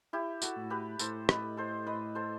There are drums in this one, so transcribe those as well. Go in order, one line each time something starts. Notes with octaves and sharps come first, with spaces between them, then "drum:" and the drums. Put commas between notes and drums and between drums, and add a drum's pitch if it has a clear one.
E4 G4
F#4 A4, drum: tambourine
A2
G4 B4
A2 A4 C5, drum: tambourine
B4 D#5, drum: rim click
A4 C5
B4 D#5
A4 C5